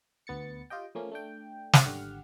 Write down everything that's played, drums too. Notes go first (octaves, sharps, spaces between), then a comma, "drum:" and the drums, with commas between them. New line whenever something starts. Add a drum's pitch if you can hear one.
D2 B3 A6 C#7
F4 G4 D#5 G5
F3 A3 A#3 C#4
A3 D4 G5
drum: snare
G#1 D3 G4 F#5 F6